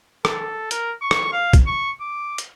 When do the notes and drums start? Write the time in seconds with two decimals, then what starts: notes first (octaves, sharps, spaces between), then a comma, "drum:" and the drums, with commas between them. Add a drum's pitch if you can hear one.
0.25 A4, drum: rim click
0.71 A#4, drum: hi-hat
1.02 C#6
1.11 drum: rim click
1.32 F5
1.53 drum: kick, hi-hat
1.67 C#6
2.01 D6
2.38 drum: hi-hat